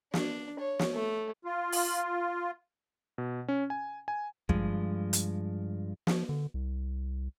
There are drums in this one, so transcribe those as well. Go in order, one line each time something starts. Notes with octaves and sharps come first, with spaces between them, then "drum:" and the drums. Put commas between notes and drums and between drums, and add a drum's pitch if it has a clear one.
D4, drum: snare
C#5
drum: snare
A3
F4
drum: open hi-hat
B2
C#4
G#5
G#5
G2 F3 G#3, drum: kick
drum: hi-hat
F3, drum: snare
D3
C2